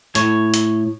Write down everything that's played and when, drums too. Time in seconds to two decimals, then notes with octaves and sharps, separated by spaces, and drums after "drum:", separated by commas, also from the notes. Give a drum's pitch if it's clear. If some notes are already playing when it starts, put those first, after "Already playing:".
0.15 A2 C#5, drum: hi-hat
0.54 drum: hi-hat